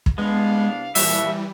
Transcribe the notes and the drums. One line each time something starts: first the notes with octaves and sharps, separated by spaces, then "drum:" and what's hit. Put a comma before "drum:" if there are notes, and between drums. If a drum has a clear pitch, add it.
drum: kick
C2 G#3 B3 D4 F5
A#2 E3 F3 G3 F#4 E5, drum: open hi-hat